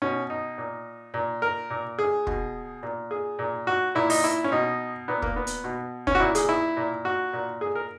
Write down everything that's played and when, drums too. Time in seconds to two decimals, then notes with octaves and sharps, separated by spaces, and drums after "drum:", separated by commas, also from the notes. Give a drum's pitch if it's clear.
0.02 B2 C#4
0.30 D#4
0.58 A#2
1.14 A#2
1.42 A#4
1.70 A#2
1.99 G#4
2.27 B2, drum: kick
2.83 A#2
3.11 G#4
3.39 A#2
3.67 F#4
3.95 A#2 E4
4.10 D#4, drum: open hi-hat
4.24 E4
4.44 C#4
4.52 B2 D#4
5.08 A#2 B3
5.22 A#3, drum: kick
5.36 B3
5.47 drum: hi-hat
5.64 B2
6.07 C#4, drum: kick
6.15 F#4
6.20 A#2 E4
6.35 G#4, drum: hi-hat
6.49 E4
6.77 A#2
7.05 F#4
7.33 A#2
7.61 G#4
7.75 A#4